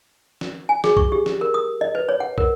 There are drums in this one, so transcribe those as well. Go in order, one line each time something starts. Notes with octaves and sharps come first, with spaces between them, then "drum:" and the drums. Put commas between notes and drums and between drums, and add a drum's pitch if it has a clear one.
drum: snare
G#5
G#4, drum: snare
C#6, drum: kick
G4
drum: snare
A#4
D#6
D#5
B4
C#5
F#5
A#4, drum: kick